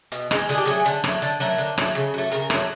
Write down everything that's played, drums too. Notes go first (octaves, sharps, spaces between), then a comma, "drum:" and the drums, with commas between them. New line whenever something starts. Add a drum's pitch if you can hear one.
B2, drum: hi-hat
G#3, drum: rim click
D3 G#4, drum: hi-hat
G4
F#3 A3 G#4, drum: hi-hat
D3, drum: hi-hat
F#3 A3, drum: rim click
D3 A4, drum: hi-hat
F#3 A3 A#4, drum: hi-hat
D3, drum: hi-hat
F#3 A3, drum: rim click
C#3, drum: hi-hat
F#3 A3
C#3 A#4, drum: hi-hat
F#3 A3, drum: rim click